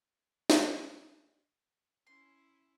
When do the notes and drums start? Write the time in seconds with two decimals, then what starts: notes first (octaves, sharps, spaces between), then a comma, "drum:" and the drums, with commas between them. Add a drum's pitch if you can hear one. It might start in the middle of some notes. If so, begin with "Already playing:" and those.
0.50 drum: snare
2.07 C#4 E4 C6